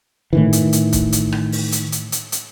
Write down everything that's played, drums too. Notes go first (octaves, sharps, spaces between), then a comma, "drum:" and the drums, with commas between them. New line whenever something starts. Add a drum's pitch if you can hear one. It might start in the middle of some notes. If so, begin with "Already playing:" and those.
A2 D#3 E3
drum: hi-hat
drum: hi-hat
drum: kick, hi-hat
drum: hi-hat
drum: rim click
drum: open hi-hat
drum: hi-hat
drum: hi-hat
drum: hi-hat
drum: hi-hat